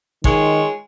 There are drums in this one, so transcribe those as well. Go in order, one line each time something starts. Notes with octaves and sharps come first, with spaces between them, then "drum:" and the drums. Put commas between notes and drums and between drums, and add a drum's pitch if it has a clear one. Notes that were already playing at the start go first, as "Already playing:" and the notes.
D#3 G#3 F4 C#5, drum: kick G#1